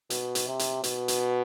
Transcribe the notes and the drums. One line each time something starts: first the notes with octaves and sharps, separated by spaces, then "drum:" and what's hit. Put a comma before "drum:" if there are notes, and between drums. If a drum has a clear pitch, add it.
B2, drum: hi-hat
drum: hi-hat
C3
drum: hi-hat
B2, drum: hi-hat
drum: hi-hat